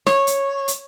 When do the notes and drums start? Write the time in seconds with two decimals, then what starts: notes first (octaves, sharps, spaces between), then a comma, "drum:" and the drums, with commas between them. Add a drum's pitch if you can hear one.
0.07 C#5, drum: snare
0.27 drum: hi-hat
0.68 drum: hi-hat